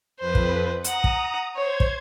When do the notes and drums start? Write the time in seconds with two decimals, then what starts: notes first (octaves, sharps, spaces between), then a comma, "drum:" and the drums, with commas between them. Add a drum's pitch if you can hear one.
0.20 F2 B4 C5
0.35 drum: kick
0.84 F#5 A#5 D#6, drum: hi-hat
1.04 drum: kick
1.56 C5 C#5 G#6
1.80 drum: kick